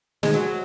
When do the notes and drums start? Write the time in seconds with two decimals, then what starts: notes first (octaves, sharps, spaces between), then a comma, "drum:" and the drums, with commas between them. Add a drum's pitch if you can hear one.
0.23 G#3, drum: snare
0.34 F#3